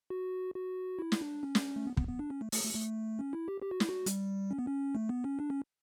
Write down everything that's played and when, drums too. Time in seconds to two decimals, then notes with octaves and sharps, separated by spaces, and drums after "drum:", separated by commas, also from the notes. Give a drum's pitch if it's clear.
0.10 F#4
0.55 F#4
0.99 E4
1.12 drum: snare
1.21 D4
1.43 C#4
1.55 drum: snare
1.76 A3
1.87 B3
1.97 B3, drum: kick
2.08 B3
2.19 D4
2.30 C#4
2.41 A3
2.52 A3, drum: open hi-hat
2.64 A3
2.75 A3
3.19 C#4
3.33 E4
3.48 G4
3.62 G4
3.71 F#4
3.80 E4, drum: snare
3.89 F#4
4.06 G3, drum: hi-hat
4.51 C#4
4.59 B3
4.67 C#4
4.95 A3
5.09 B3
5.24 C#4
5.39 D4
5.50 C#4